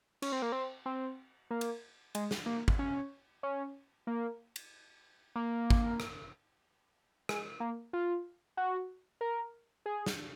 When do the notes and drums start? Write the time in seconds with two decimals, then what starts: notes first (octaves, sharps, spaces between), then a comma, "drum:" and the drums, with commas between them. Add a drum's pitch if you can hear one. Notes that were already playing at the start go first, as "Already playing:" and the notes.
0.22 C#4, drum: cymbal
0.32 C4
0.42 A#3
0.52 C4
0.86 C4
1.51 A#3
1.61 drum: cymbal
2.15 G#3, drum: cymbal
2.31 drum: snare
2.46 A#3
2.68 drum: kick
2.79 C#4
3.43 C#4
4.07 A#3
4.56 drum: cymbal
5.36 A#3
5.70 drum: kick
6.00 drum: rim click
7.29 G#3, drum: rim click
7.60 A#3
7.93 F4
8.57 F#4
9.21 A#4
9.86 G#4
10.06 drum: snare